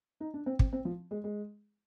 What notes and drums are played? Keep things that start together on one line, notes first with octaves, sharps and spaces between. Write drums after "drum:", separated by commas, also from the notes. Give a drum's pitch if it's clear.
D#4
D4
C4
C4, drum: kick
C4
F3
G#3
G#3